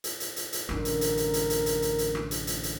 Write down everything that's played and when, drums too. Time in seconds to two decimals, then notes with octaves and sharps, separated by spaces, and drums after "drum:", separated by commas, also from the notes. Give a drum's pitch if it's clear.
0.04 drum: hi-hat
0.20 drum: hi-hat
0.36 drum: hi-hat
0.53 drum: hi-hat
0.69 A1 F#2 D3 A#4, drum: rim click
0.85 drum: hi-hat
1.01 drum: hi-hat
1.17 drum: hi-hat
1.34 drum: hi-hat
1.50 drum: hi-hat
1.66 drum: hi-hat
1.82 drum: hi-hat
1.98 drum: hi-hat
2.15 drum: rim click
2.31 drum: hi-hat
2.47 drum: hi-hat
2.63 drum: hi-hat